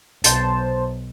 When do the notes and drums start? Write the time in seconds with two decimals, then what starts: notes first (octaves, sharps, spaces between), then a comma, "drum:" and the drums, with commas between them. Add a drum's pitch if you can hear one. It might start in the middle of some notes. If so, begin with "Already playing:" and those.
0.24 B1 C5 A5, drum: hi-hat